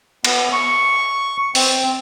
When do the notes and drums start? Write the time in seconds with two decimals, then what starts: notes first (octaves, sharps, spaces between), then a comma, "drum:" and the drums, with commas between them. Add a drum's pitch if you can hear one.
0.24 B3, drum: cymbal
0.53 C#6
1.55 C4, drum: open hi-hat